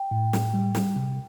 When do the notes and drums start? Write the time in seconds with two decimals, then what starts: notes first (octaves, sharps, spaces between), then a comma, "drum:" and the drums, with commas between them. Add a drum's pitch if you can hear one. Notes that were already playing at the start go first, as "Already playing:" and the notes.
Already playing: G5
0.11 A2
0.33 A2, drum: snare
0.54 G3
0.75 G3, drum: snare
0.96 C3